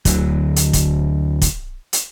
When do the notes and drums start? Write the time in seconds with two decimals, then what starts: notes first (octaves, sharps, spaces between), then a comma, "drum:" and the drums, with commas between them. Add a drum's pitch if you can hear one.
0.05 D2 D3 F#3, drum: kick, hi-hat
0.56 drum: hi-hat
0.73 drum: kick, hi-hat
1.42 drum: kick, hi-hat
1.93 drum: hi-hat